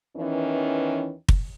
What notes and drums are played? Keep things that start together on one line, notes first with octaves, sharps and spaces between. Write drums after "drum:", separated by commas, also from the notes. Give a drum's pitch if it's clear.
E2 D#3 E3 C#4
drum: kick